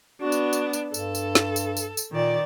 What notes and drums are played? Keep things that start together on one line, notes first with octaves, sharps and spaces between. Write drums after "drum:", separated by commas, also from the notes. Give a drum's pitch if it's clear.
B3 D4 F#4
drum: tambourine
drum: tambourine
drum: tambourine
G2 A4, drum: tambourine
drum: tambourine
drum: snare
drum: tambourine
drum: tambourine
drum: tambourine
A#2 D#3 D5